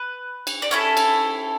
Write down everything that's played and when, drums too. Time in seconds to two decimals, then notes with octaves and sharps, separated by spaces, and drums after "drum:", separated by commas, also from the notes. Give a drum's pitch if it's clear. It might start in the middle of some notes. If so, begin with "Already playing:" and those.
Already playing: B4
0.47 drum: cymbal
0.62 D5
0.71 C#4 E4 A4 C#5
0.97 drum: cymbal